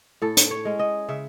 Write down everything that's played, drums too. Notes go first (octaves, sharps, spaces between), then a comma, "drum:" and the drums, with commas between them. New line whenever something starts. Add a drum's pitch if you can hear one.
A2 A4
drum: hi-hat
C#5
G#3 C#4
D#5
C#3 E5